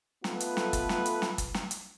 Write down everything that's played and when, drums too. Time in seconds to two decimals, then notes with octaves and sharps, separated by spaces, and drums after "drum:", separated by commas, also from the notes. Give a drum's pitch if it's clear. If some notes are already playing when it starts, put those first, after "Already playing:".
0.24 A3 B3 F4 A4 B4, drum: snare
0.40 drum: hi-hat
0.57 drum: snare
0.73 drum: kick, hi-hat
0.89 drum: snare
1.06 drum: hi-hat
1.22 drum: snare
1.38 drum: kick, hi-hat
1.54 drum: snare
1.71 drum: hi-hat